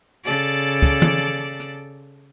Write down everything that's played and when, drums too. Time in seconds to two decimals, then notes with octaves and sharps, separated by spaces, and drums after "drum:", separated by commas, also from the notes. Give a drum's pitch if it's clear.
0.24 C#3 A4 D5
0.82 drum: kick, hi-hat
1.02 drum: tom
1.60 drum: hi-hat